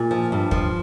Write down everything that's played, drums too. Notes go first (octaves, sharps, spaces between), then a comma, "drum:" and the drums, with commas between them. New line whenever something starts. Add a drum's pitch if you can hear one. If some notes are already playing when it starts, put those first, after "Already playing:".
Already playing: A#2 G#4
F3
G2
F3, drum: kick